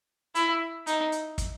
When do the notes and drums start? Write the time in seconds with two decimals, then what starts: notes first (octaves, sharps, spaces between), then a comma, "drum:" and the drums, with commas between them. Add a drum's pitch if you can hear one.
0.35 E4, drum: hi-hat
0.87 D#4, drum: hi-hat
1.12 drum: hi-hat
1.38 drum: kick, hi-hat